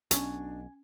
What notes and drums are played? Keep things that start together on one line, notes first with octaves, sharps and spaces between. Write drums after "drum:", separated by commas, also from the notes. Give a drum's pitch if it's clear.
B1 B2 C#4 D4 G#5 C#6, drum: hi-hat